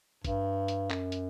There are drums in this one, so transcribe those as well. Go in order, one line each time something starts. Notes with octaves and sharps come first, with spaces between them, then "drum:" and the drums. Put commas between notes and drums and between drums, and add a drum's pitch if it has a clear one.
G2, drum: kick G#1, hi-hat
drum: hi-hat
F#2, drum: clap
drum: hi-hat